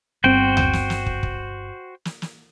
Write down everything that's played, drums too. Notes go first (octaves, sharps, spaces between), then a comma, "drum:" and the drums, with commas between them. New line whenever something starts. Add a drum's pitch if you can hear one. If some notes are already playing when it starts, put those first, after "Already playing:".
G1 C4 F#4 C5 G5
drum: tom D2
drum: snare
drum: snare
drum: kick
drum: kick
drum: snare
drum: snare